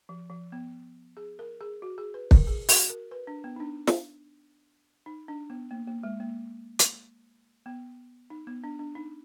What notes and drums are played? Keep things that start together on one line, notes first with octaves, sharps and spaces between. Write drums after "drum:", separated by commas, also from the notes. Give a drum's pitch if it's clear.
F3
F3
B3
G#4
A#4
G#4
F#4
G#4
B4
A#4, drum: kick
G#4
F#4, drum: open hi-hat
A#4
B4
D4
B3
D#4
D4
drum: snare
D#4
D4
B3
A#3
A#3
G#3
A#3
drum: hi-hat
B3
D#4
B3
D4
D4
D#4